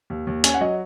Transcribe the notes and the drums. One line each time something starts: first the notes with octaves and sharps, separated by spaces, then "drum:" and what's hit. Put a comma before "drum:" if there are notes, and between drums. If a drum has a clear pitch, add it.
D#2
D#2
C#4 G#5, drum: hi-hat
F#5
F#3 D#5